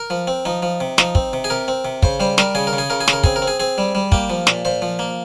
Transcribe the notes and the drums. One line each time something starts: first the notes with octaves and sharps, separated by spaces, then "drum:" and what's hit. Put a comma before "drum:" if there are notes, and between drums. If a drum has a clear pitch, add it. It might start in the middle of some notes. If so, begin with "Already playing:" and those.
Already playing: A#4
F3
C4
F3 D#4
F3
C3
F3 D#4, drum: snare
C4, drum: kick
C3
G#4
C3 A#4
C4
C3
C#3 C5, drum: kick
G3 C5
G3 A#4, drum: snare
C#3 G#4
A#4
C#3
G#4
C#3 A#4
G#4
C#3, drum: snare
A#4
C4 G#4, drum: kick
A#4
C4
G#4
C4 G#4
G3
G3
A#3 G4, drum: kick
F3
A#2, drum: snare
A#2 C5
F3
A#3